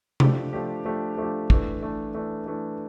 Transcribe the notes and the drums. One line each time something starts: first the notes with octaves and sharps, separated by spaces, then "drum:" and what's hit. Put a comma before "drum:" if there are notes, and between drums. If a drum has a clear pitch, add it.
F3 A3 D4 G4, drum: tom C3
F3 A3 D4 G4
F3 A3 D4 G4
F3 A3 D4 G4
E3 A3 D4, drum: kick
E3 A3 D4
E3 A3 D4
E3 A3 D4